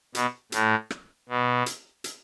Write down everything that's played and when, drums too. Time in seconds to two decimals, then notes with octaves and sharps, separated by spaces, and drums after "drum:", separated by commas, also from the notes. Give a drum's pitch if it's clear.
0.15 B2, drum: hi-hat
0.52 A2, drum: hi-hat
0.91 drum: rim click
1.29 B2
1.66 drum: hi-hat
2.04 drum: hi-hat